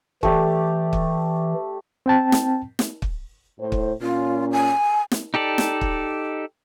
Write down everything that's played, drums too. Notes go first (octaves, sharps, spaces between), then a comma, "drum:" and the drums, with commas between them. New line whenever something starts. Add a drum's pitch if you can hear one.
E3 A3 G4 D5, drum: kick
drum: kick
C4 G5 A5
drum: snare
drum: snare
drum: kick
A2 C5
drum: kick
A#2 C#4 F4
G#5
drum: snare
D#4 G4 A4 D5
drum: snare
drum: kick